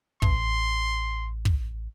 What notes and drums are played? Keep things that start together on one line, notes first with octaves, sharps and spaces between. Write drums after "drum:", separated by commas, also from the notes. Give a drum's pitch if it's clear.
A1 C6, drum: kick
drum: kick